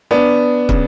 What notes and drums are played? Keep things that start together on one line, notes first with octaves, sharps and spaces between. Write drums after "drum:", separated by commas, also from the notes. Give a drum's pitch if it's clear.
B3 D4
C#3, drum: kick